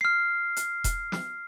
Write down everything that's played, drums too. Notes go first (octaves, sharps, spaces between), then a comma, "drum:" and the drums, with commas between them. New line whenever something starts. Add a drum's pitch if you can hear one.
F6 C7
drum: hi-hat
drum: kick E1, hi-hat
drum: snare